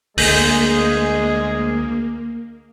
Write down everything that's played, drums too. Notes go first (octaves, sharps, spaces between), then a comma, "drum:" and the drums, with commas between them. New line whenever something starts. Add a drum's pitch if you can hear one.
D2 G#3 A#3 G#4, drum: open hi-hat